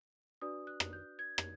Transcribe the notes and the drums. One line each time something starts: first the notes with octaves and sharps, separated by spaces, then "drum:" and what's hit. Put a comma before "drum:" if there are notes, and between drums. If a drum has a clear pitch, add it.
D4 F#4 B4 D5 D#6
F#6
drum: rim click
G6
G#6
drum: rim click